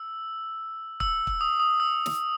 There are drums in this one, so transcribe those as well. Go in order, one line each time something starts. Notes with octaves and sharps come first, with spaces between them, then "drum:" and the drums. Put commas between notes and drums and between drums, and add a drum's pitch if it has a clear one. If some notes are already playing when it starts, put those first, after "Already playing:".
Already playing: E6
E6, drum: kick
drum: kick
D#6
D#6
E6
drum: snare